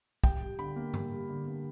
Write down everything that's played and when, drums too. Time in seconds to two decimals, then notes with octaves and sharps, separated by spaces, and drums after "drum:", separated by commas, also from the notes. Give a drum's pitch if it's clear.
0.24 G2 G5, drum: kick
0.41 G3
0.59 D3 B5
0.76 A#3
0.94 G2, drum: tom G2
1.12 G3
1.29 D3
1.47 A#3